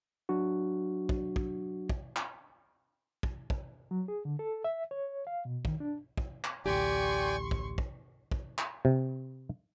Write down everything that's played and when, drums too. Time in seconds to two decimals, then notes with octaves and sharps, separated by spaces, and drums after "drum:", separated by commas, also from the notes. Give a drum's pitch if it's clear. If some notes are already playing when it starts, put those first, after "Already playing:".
0.29 F#3 D4 F#4
1.09 drum: kick
1.36 drum: kick
1.89 drum: kick
2.16 drum: clap
3.23 drum: kick
3.50 drum: kick
3.91 F#3
4.08 G#4
4.25 D3
4.39 A4
4.64 E5
4.91 C#5
5.27 F5
5.45 B2
5.65 D#3, drum: kick
5.80 D4
6.18 drum: kick
6.44 drum: clap
6.66 A1 D2 G4 D5 G5 G#5 C6 C#6
7.51 drum: kick
7.78 drum: kick
8.32 drum: kick
8.58 drum: clap
8.85 C3